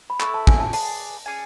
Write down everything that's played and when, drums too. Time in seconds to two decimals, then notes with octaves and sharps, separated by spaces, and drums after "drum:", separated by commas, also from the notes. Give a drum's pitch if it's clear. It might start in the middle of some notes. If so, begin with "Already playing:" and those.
0.10 B5
0.20 A3 E4 B4 E5 C#6, drum: clap
0.34 A5
0.47 G#5, drum: kick
0.60 A5
0.73 G#4 B4 D5 A5, drum: open hi-hat
1.26 C#4 G#4 D5 G#5